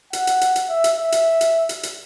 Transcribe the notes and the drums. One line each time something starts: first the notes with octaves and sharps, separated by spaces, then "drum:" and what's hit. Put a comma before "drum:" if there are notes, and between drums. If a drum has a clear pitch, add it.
F#5, drum: hi-hat
drum: hi-hat
drum: hi-hat
drum: hi-hat
E5
drum: hi-hat
E5
drum: hi-hat
drum: hi-hat
drum: hi-hat
drum: hi-hat